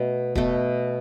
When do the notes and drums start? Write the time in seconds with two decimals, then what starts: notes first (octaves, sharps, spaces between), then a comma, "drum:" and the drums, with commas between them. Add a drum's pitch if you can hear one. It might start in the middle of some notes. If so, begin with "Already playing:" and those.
Already playing: B2 A3
0.35 B2 A3, drum: kick D#1